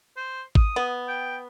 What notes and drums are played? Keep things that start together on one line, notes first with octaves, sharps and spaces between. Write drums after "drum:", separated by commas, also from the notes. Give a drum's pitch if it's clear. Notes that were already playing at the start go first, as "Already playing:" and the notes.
C5
D#6, drum: kick G#1
B3
G5